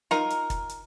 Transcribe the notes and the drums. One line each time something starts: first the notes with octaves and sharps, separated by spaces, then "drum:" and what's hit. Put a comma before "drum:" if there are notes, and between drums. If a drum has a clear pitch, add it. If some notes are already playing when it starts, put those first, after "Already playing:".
D#4 F4 A#4, drum: snare
drum: hi-hat
drum: kick, hi-hat
drum: hi-hat